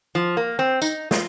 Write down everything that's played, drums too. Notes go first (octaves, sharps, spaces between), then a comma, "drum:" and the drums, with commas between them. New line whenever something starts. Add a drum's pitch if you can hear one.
F3
A#3
C4
D#4, drum: tambourine
F4, drum: snare